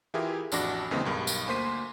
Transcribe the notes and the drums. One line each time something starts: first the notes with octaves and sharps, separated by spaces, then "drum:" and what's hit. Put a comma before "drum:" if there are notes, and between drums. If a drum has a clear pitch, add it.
E3 E4 F4 G4 G#4 A#4
A1 F2 D4 F#4 D6 A#6, drum: tambourine
D#2 C#3 E3 G#3 B3 C4
B1 G2 A#4
drum: tambourine
D2 A#3 C5 C6 B6 D#7